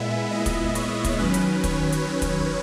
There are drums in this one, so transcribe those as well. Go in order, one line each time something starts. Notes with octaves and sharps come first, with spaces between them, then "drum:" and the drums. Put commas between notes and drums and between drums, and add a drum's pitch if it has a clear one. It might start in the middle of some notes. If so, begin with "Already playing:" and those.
Already playing: A#2 G#3 B3 E4 E5
D#5
drum: kick, hi-hat
C#5, drum: hi-hat
drum: kick, hi-hat
D#3 F#3 C#4 B4
drum: hi-hat
C#5, drum: kick, hi-hat
drum: hi-hat
drum: kick, hi-hat